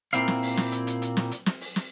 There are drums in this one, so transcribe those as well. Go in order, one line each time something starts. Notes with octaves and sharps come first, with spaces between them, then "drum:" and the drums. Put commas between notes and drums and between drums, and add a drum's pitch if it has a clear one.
A#2 C#3 A#3 C4 E4 F5, drum: hi-hat
drum: snare
drum: open hi-hat
drum: snare
drum: hi-hat
drum: hi-hat
drum: hi-hat
drum: snare
drum: hi-hat
drum: snare
drum: open hi-hat
drum: snare